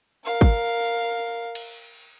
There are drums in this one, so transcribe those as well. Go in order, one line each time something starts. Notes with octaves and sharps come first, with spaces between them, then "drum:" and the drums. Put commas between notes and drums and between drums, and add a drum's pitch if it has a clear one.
A#4 F5
drum: kick
drum: cymbal